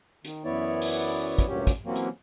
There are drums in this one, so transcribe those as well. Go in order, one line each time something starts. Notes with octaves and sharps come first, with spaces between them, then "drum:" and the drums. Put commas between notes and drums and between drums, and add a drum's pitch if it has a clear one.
D#3, drum: hi-hat
F#2 E3 B3 E4 C#5 D5
drum: open hi-hat
drum: kick, hi-hat
D2 G2 A#2 F#3 C#4 G4
drum: kick, hi-hat
C3 E3 F#3 A#3 C4 C#4
drum: hi-hat